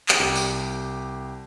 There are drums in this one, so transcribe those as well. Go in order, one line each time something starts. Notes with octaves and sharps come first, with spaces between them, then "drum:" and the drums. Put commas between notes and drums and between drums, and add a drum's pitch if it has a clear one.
drum: clap
C2 G4
drum: tambourine